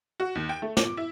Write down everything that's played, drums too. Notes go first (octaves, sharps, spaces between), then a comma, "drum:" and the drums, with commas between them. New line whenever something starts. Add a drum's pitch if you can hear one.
F#4
D#2
G5
A3
D6, drum: snare
E4